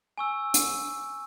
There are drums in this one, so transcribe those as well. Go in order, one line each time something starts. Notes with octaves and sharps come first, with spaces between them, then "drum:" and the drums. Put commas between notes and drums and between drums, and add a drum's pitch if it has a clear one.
G#5 C#6 E6
drum: hi-hat